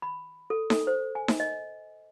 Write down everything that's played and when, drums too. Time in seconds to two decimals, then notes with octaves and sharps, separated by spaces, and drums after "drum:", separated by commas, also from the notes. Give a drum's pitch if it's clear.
0.02 B5
0.50 A4
0.70 A4, drum: snare D#4
0.87 C5
1.15 G#5
1.28 drum: snare D#4
1.40 D#5